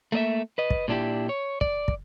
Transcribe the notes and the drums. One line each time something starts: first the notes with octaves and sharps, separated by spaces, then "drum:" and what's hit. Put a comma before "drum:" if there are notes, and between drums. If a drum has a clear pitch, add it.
A3 A#3 D#5 E5
B4 D#5
drum: kick
A#2 G#3 D4 E4 G4
C#5
D5, drum: kick
drum: kick